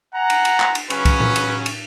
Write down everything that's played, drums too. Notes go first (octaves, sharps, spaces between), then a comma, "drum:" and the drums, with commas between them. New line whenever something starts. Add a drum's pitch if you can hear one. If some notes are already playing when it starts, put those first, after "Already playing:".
F#5 G#5 A#5
drum: cymbal
drum: cymbal
drum: clap
drum: cymbal
C#3 F#3 C#4 B4, drum: cymbal
drum: kick C2, cymbal
drum: tom A2
drum: cymbal
drum: cymbal